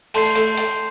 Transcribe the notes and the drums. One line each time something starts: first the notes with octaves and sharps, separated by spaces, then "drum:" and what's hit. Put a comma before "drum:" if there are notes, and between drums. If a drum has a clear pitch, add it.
A3 A5 C6 G6 C7, drum: open hi-hat
A3, drum: hi-hat
drum: hi-hat